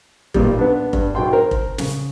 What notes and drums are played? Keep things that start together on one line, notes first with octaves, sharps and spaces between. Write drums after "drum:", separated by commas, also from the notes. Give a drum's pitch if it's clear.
B1 A#2 G3, drum: kick F1
B3 D4
G2, drum: kick F1
B1 B2 G5 C6
A#4 C5
drum: kick F1
C#3, drum: snare